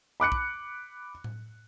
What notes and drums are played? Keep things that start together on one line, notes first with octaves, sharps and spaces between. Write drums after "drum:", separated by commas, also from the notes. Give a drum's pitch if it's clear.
B5 D6 F#6 C#7
drum: kick
drum: tom A2